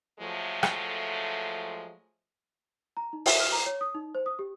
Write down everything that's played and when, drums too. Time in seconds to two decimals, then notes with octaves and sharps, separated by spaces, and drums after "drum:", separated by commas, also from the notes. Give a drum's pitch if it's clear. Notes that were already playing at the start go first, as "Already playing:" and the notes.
0.20 F3 F#3 G#3 A3
0.63 drum: rim click
2.97 A#5
3.13 D#4
3.26 E5, drum: open hi-hat
3.40 F6
3.52 A#5
3.66 C#5
3.81 D#6
3.95 D#4
4.15 C5
4.26 D#6
4.39 G4